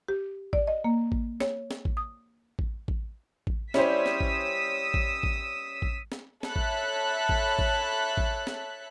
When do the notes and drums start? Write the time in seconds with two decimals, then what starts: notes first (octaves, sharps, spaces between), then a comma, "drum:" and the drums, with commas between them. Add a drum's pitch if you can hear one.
0.08 G4
0.53 D5, drum: kick A1
0.67 D#5
0.84 A#3
1.12 drum: kick A1
1.40 C#5, drum: snare
1.71 drum: snare
1.85 drum: kick A1
1.97 D#6
2.59 drum: kick A1
2.88 drum: kick A1
3.47 drum: kick A1
3.74 G3 C#4 E4 C5 D#6 E6 B6, drum: snare
4.06 drum: snare
4.20 drum: kick A1
4.94 drum: kick A1
5.23 drum: kick A1
5.82 drum: kick A1
6.12 drum: snare
6.43 A4 C#5 E5 B5 F#6, drum: snare
6.56 drum: kick A1
7.29 drum: kick A1
7.59 drum: kick A1
8.17 drum: kick A1
8.47 drum: snare